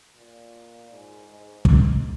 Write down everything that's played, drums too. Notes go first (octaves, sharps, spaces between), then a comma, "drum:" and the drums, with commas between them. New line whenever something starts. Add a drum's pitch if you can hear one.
A#2
G#2
G#2
G#2, drum: kick